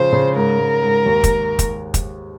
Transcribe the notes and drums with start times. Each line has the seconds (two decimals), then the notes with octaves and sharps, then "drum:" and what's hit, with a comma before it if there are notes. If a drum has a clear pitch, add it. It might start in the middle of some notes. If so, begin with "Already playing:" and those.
Already playing: C#3 F3 C5
0.13 C#3
0.36 G#2 A#4
0.59 G#2
0.83 G#2
1.06 D#2
1.24 drum: kick, hi-hat
1.59 drum: kick, hi-hat
1.94 drum: kick, hi-hat